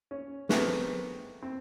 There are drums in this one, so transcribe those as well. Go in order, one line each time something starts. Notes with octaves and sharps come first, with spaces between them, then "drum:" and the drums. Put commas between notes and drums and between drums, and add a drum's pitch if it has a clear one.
C#4
G#3 A3 B3 C4 G4 A#4, drum: snare
C4